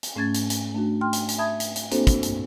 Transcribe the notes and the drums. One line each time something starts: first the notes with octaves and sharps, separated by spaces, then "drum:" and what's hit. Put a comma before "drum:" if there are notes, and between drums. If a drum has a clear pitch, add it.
drum: hi-hat
G#2 A3 C#4 G#6 A6
drum: hi-hat
drum: hi-hat
A3 D4 F#4
G5 C6 F6
drum: hi-hat
drum: hi-hat
E5 A5 B5 D#6 G#6
drum: hi-hat
drum: hi-hat
A#3 C4 D4 F#4 A4 C5, drum: hi-hat
drum: kick, hi-hat
drum: hi-hat